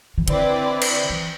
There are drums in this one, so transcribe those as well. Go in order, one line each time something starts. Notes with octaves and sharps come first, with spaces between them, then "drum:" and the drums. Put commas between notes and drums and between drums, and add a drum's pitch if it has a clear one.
E3
D3 C4 E4 B4 D5, drum: hi-hat
drum: cymbal
E3